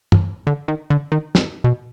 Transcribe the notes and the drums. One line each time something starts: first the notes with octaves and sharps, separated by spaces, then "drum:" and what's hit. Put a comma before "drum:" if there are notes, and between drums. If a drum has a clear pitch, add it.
drum: tom
D3
D#3
D3
D#3
C3, drum: snare
B2